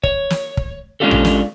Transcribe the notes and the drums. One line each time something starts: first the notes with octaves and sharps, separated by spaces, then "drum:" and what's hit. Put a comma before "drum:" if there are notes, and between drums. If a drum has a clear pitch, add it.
C#5, drum: kick
drum: snare
drum: kick
G#3 C#4 D4 F4 G4 A4
drum: tom A1
drum: snare